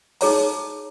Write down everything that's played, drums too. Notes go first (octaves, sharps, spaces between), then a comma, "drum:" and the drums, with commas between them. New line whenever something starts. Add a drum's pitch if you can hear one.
D#4 G#4 C#5 A#5, drum: open hi-hat